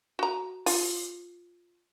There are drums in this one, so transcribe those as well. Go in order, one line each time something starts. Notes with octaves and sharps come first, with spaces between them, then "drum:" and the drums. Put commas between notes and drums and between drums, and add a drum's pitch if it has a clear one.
F#4 A#5
F4, drum: open hi-hat